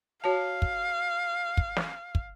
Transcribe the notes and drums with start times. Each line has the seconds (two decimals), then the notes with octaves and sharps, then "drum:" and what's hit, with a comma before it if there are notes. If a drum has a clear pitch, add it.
0.24 F#4 C#5 F5 A5
0.62 drum: kick
1.57 drum: kick
1.77 drum: snare
2.15 drum: kick